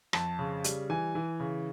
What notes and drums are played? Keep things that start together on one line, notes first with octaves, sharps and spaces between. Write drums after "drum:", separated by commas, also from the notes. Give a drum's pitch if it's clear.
F2 A5, drum: rim click
C#3
G3, drum: hi-hat
E3 G#5
E3
C#3